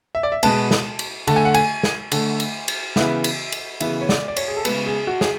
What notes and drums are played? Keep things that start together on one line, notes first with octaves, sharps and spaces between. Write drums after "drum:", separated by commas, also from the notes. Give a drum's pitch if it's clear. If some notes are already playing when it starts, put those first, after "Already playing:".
E5
D5
E5
B2 G#3 B3 A5, drum: cymbal
drum: snare
drum: cymbal
D3 A3 A5, drum: cymbal
G#5
F#5
G#5, drum: cymbal
drum: snare
D3 A3, drum: cymbal
drum: cymbal
drum: cymbal
C#3 E3 B3 E5, drum: snare
drum: cymbal
drum: cymbal
C#3 E3 B3 E5, drum: cymbal
C#5
D5, drum: snare
D5
C#5, drum: cymbal
G#4
A4
C#3 G#3 B3 B4, drum: cymbal
G#4
F#4
G#4, drum: snare